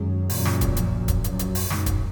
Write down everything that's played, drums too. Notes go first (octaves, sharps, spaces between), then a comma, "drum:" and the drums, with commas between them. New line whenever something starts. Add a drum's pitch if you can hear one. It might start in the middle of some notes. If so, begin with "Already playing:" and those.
Already playing: F#2 D#3 G#3 C#4 G#4 C#5
F#2 A#2, drum: open hi-hat
drum: snare
drum: kick, hi-hat
A#1 G#2 F3, drum: hi-hat
drum: kick, hi-hat
F#2, drum: hi-hat
drum: hi-hat
drum: open hi-hat
F#2 A#2 G#3 D#4, drum: snare
drum: kick, hi-hat